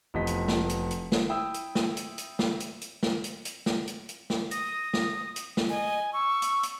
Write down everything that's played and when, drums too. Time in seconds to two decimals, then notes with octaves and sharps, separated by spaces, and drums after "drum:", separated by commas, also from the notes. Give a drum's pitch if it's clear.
0.14 F1 E3 F3 B3 D#5 B6
0.27 drum: hi-hat
0.48 drum: snare
0.69 drum: hi-hat
0.91 drum: hi-hat
1.12 drum: snare
1.29 E4 G5 D#6 E6
1.54 drum: hi-hat
1.75 drum: snare
1.97 drum: hi-hat
2.18 drum: hi-hat
2.39 drum: snare
2.60 drum: hi-hat
2.81 drum: hi-hat
3.03 drum: snare
3.24 drum: hi-hat
3.45 drum: hi-hat
3.66 drum: snare
3.87 drum: hi-hat
4.09 drum: hi-hat
4.30 drum: snare
4.51 D#6 A#6, drum: hi-hat
4.94 drum: snare
5.36 drum: hi-hat
5.57 drum: snare
5.69 D#5 G#5
6.13 C#6 E6
6.42 drum: hi-hat
6.63 drum: hi-hat